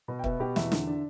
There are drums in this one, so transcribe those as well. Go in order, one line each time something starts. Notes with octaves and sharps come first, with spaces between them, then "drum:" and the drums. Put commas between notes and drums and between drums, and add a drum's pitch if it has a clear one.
B2
G5
B3 E5, drum: kick
B2 G4
E2 E5, drum: snare
D3, drum: snare
D4